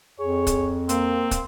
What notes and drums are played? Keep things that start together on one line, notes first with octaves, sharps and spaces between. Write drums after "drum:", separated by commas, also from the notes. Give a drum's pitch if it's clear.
F2 G#4 C#5
drum: kick, hi-hat
A#3 C4, drum: hi-hat
drum: kick, hi-hat